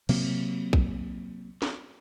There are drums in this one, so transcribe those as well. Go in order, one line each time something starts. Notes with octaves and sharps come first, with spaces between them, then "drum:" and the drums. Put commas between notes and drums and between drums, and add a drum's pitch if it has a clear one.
C3 F#3 A#3, drum: cymbal
drum: kick
drum: snare